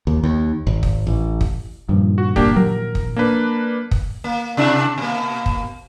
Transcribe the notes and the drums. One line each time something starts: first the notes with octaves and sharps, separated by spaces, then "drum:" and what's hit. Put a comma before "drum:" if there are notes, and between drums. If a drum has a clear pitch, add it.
D#2
D#2
G#1
drum: kick
A1
drum: kick
G2 A#2 D#3 F3
F#4
A#3 D4 G4, drum: kick
F#3 A#4
drum: kick
A#3 D4 B4
drum: kick
A#3
C3 D4 E4
B2 A#3
drum: kick